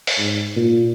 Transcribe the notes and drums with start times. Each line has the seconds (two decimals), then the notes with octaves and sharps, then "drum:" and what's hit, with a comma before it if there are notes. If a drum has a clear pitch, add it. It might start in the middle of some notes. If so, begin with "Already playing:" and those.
0.07 drum: open hi-hat
0.19 G#2
0.56 A#2